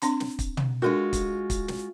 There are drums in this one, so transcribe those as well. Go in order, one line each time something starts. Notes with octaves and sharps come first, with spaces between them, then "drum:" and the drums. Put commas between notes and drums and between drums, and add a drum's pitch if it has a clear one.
C4 D4 C6, drum: hi-hat
drum: snare
drum: kick, hi-hat
drum: tom
G#3 D4 F4 F#4 A4 A#4
drum: kick, hi-hat
drum: kick, hi-hat
drum: snare